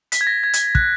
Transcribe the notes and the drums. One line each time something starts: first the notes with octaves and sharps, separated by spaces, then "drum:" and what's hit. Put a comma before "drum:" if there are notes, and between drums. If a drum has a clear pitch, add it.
B6, drum: hi-hat
G#6
A#6
G#6
drum: hi-hat
F#6, drum: kick